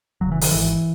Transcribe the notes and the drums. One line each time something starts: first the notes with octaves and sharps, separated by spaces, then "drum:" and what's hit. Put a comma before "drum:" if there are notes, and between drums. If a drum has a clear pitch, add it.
E1 D#2 C#3 F#3
E3
D#3, drum: open hi-hat
G#1 G#2 E3